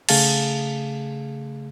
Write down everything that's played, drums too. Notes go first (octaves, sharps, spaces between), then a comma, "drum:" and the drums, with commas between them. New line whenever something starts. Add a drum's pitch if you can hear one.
C#3 A3 G#4 F5 A5 A6, drum: cymbal